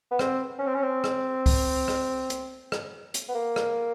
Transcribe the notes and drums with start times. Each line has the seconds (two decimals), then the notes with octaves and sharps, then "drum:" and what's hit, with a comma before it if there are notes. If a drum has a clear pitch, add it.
0.11 B3
0.19 C4, drum: rim click
0.59 C#4
0.66 C4
0.75 C#4
0.83 C4
1.04 drum: rim click
1.46 drum: kick C2, open hi-hat
1.88 drum: rim click
2.30 drum: hi-hat
2.72 drum: rim click
3.14 drum: hi-hat
3.29 B3
3.35 A#3
3.56 drum: rim click